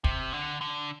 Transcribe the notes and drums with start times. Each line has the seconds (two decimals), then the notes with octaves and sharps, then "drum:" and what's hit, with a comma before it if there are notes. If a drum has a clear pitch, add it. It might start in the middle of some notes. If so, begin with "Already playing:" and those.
0.04 C3, drum: kick
0.33 D3
0.61 D3